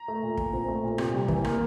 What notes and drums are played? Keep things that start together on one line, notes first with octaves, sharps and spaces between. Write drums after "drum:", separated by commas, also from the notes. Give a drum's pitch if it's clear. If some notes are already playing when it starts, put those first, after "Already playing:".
Already playing: A#5
A3
A#2
A#2, drum: kick
C4
A3
A#2
C3, drum: rim click
G3
E3, drum: kick
A#3, drum: rim click